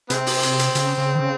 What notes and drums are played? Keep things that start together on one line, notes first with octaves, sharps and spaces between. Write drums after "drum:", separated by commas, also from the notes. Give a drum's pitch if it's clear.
C3 G#3 C4, drum: hi-hat
drum: open hi-hat
drum: hi-hat
drum: hi-hat
C#3, drum: hi-hat
C#3
D#3
C#3